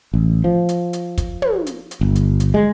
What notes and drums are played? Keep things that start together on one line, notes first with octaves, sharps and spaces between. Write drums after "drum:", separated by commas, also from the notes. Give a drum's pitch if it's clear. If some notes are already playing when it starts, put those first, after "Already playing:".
A1
F3
drum: hi-hat
drum: hi-hat
drum: kick, hi-hat
drum: tom
drum: hi-hat
drum: hi-hat
G1
drum: hi-hat
drum: hi-hat
G#3